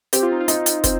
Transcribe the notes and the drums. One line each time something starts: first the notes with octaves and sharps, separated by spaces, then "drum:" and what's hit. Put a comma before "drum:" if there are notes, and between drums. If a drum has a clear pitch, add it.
C4 G4, drum: hi-hat
F4
D#4
F4
D#4, drum: hi-hat
drum: hi-hat
C4, drum: kick, hi-hat